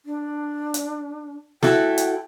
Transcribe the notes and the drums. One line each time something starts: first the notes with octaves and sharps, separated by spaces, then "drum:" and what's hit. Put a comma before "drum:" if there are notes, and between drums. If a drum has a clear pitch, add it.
D4
drum: hi-hat
E4 F#4 A4 G5, drum: snare
drum: hi-hat